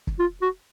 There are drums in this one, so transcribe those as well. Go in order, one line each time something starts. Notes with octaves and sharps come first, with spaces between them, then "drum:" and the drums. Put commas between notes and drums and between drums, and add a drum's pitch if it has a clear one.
drum: kick
F4
F#4